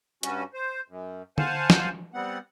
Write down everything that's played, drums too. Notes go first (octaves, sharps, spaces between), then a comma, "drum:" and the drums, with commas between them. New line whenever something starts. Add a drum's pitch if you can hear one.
G2 G3 C#4 F#4, drum: hi-hat
C5
F#2
C5 F5 F#5 G#5 A5, drum: tom D3
drum: snare
G3 B3 C4 F#5